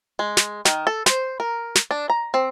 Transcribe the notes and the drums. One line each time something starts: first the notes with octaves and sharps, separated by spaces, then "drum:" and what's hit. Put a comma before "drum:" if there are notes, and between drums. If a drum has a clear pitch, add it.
G#3
drum: snare
D#3, drum: snare
A4
C5, drum: snare
A#4
drum: snare
D4
A#5
C4